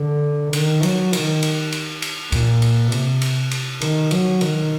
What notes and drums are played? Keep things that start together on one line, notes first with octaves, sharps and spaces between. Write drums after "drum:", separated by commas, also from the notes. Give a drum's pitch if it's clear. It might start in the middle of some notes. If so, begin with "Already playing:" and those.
Already playing: D3
D#3, drum: cymbal
F#3, drum: cymbal
D#3, drum: cymbal
drum: cymbal
drum: cymbal
drum: cymbal
A#2, drum: kick, cymbal
drum: cymbal
C3, drum: cymbal
drum: cymbal
drum: cymbal
D#3, drum: cymbal
F#3, drum: cymbal
D#3, drum: cymbal